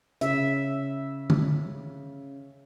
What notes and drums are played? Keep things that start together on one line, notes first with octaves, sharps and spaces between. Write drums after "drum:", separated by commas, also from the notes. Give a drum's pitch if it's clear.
C#3 E5, drum: hi-hat
drum: tom